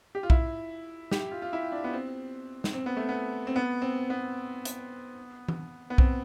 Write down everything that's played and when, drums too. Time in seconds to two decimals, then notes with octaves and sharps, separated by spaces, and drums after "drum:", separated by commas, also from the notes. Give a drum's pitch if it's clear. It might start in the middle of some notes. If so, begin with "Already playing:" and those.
0.15 G4
0.23 F4
0.30 E4, drum: kick B1
1.11 G4, drum: snare
1.31 F4
1.42 F4
1.53 E4
1.72 D4
1.84 B3
1.93 C4
2.64 drum: snare
2.74 C4
2.86 B3
2.97 A3
3.09 B3
3.47 C4
3.56 B3
3.82 C4
4.10 B3
4.65 drum: hi-hat
5.48 drum: tom E3
5.90 B3
5.98 C4, drum: kick B1